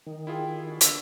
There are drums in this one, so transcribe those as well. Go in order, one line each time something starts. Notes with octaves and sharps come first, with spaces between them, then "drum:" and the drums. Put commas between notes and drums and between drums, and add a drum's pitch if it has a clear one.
D#3
E4 F4 G4 G#4 G5
C#3 D4 F#4
D3 A#3 B3 E6, drum: hi-hat